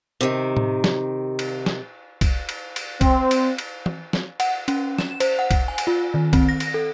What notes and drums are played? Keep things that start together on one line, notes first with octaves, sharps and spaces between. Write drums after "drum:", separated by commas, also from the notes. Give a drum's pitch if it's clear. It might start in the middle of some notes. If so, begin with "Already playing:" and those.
C3 D#3
drum: tom A2
drum: snare
drum: cymbal
drum: snare
drum: kick B1, cymbal
drum: cymbal
drum: cymbal
C4, drum: kick B1, cymbal
drum: cymbal
drum: cymbal
drum: tom
drum: snare
F#5, drum: cymbal
C#4, drum: cymbal
E7, drum: snare
C5, drum: cymbal
F#5
drum: kick B1, cymbal
G#5
drum: cymbal
F4
D#3
C4, drum: kick B1, cymbal
A#6
drum: cymbal
A4